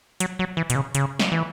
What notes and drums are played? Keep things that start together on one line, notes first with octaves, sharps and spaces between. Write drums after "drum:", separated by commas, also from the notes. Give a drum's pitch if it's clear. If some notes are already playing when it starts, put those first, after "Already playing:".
F#3, drum: hi-hat
F#3
E3
B2, drum: hi-hat
C#3
C#3, drum: hi-hat
drum: snare
E3